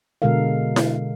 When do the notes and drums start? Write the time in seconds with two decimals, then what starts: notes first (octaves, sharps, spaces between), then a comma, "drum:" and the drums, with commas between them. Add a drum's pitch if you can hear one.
0.22 B2 D3 G#3 A4 A#4 F5
0.76 drum: snare E4